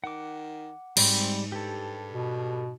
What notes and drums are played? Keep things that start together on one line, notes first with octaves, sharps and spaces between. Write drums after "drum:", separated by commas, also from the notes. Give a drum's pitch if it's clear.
D#3 F#5 D6
G#2 G3 C4 D5 B5, drum: cymbal
G2 G4 A4
B2